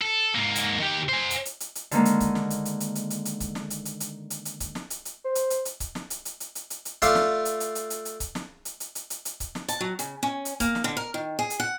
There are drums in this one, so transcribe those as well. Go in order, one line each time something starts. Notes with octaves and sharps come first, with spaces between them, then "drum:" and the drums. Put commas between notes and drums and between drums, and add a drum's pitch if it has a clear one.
A4
G#2 A#3
drum: hi-hat
D#3 G4
C5 G#5
drum: hi-hat
drum: hi-hat
drum: hi-hat
drum: hi-hat
D3 D#3 G#3 A#3, drum: hi-hat
drum: hi-hat
drum: kick C#1, hi-hat
drum: snare
drum: hi-hat
drum: hi-hat
drum: hi-hat
drum: hi-hat
drum: hi-hat
drum: hi-hat
drum: kick C#1, hi-hat
drum: snare
drum: hi-hat
drum: hi-hat
drum: hi-hat
drum: hi-hat
drum: hi-hat
drum: kick C#1, hi-hat
drum: snare
drum: hi-hat
drum: hi-hat
C5
drum: hi-hat
drum: hi-hat
drum: hi-hat
drum: kick C#1, hi-hat
drum: snare
drum: hi-hat
drum: hi-hat
drum: hi-hat
drum: hi-hat
drum: hi-hat
drum: hi-hat
A3 F4 D5 F5, drum: kick C#1, hi-hat
drum: snare
drum: hi-hat
drum: hi-hat
drum: hi-hat
drum: hi-hat
drum: hi-hat
drum: kick C#1, hi-hat
drum: snare
drum: hi-hat
drum: hi-hat
drum: hi-hat
drum: hi-hat
drum: hi-hat
drum: kick C#1, hi-hat
drum: snare
A5, drum: hi-hat
F#3
C#3, drum: hi-hat
C#4
drum: hi-hat
A#3, drum: kick C#1, hi-hat
drum: snare
D3
A#4
D#3
G#4
drum: hi-hat
F#5